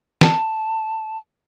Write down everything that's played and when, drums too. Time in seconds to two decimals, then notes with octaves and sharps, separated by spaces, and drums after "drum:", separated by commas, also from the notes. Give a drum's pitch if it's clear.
0.21 A5, drum: snare